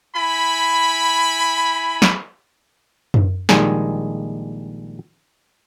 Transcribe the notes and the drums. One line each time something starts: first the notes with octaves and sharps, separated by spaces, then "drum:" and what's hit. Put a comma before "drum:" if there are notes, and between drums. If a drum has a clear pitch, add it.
E4 G#5 B5
drum: snare
drum: tom F#2
A#1 D#3 G3 G#3 G#4, drum: snare